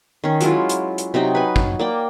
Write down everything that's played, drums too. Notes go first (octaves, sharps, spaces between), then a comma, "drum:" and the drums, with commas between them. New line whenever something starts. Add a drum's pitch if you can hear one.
D#3 C#4
F#3 G#3 E4 F4, drum: hi-hat
drum: hi-hat
drum: hi-hat
C3 F#3 D#4 G5
B4 G#5
drum: kick
A#3 D5 G5